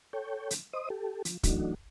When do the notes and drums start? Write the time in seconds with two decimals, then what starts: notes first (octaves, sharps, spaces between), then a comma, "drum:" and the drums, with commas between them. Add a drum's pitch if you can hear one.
0.13 A4 C#5 G5
0.51 drum: hi-hat
0.73 C5 D#5 D#6
0.90 G4 A4
1.25 F3, drum: hi-hat
1.43 E3 F#3 A3 D4 D#4 F#4, drum: kick, hi-hat